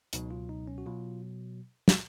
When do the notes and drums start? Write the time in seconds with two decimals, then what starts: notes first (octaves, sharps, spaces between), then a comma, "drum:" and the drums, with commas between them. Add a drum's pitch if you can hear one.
0.13 C#2 B2 F#3 D#4, drum: hi-hat
0.31 F4
0.49 D#4
0.67 C#4
0.78 F#4
0.86 B2 F#3 F4
1.88 drum: snare